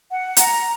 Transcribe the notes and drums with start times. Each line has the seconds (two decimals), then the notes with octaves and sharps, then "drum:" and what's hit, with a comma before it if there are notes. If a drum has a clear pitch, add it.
0.10 F#5
0.37 A#5, drum: hi-hat